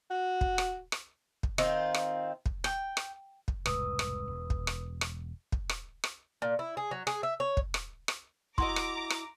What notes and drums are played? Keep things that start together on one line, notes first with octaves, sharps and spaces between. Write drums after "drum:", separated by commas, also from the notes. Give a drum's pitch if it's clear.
F#4
drum: kick
drum: rim click
drum: rim click
drum: kick
D#3 C4 F4, drum: rim click
drum: rim click
drum: kick
G5, drum: rim click
drum: rim click
drum: kick
E1 C2 G#2 B4 D#6 E6, drum: rim click
drum: rim click
E1
drum: kick
drum: rim click
drum: rim click
drum: kick
drum: rim click
drum: rim click
A#2
E4
G#4
F#3
G#4, drum: rim click
E5
C#5
drum: kick
drum: rim click
drum: rim click
E4 F#4 D#5 A#5 C6 D6, drum: kick
drum: rim click
drum: rim click